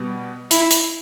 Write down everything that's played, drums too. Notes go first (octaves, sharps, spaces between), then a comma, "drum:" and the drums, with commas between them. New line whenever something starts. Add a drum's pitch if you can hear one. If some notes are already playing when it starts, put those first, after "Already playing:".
Already playing: B2 G3 B3
E4, drum: hi-hat
drum: hi-hat